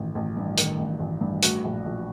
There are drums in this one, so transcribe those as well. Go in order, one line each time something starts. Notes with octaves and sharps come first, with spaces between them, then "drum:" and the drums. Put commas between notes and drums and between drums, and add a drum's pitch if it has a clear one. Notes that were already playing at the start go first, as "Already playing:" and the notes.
Already playing: A1 D#3
A1
G2
D#3, drum: hi-hat
A1
A1
G2
A3 F#4, drum: hi-hat
A#1
A#1